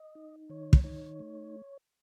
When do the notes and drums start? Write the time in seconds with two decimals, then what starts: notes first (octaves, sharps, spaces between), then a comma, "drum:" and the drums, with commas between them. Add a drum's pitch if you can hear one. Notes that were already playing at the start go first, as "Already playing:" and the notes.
Already playing: D#5
0.15 D#4
0.49 D#3 C#5
0.73 drum: kick
0.84 D#4 C#5
1.20 A3